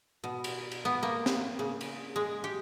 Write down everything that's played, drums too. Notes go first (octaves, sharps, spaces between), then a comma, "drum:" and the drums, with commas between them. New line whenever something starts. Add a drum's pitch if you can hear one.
B2
drum: cymbal
drum: cymbal
B3
A#3
drum: snare
C#3
drum: cymbal
G#3
G4